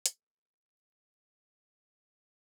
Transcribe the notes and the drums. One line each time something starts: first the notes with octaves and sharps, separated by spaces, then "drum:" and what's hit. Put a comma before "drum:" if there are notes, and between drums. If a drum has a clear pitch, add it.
A#3 G4 A4 C5, drum: hi-hat